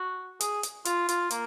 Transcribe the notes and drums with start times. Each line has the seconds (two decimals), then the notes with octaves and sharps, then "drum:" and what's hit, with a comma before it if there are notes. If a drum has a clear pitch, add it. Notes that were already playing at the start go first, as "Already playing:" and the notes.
Already playing: F#4
0.40 G#4, drum: hi-hat
0.63 drum: hi-hat
0.85 F4, drum: hi-hat
1.09 F4, drum: hi-hat
1.31 A#3, drum: hi-hat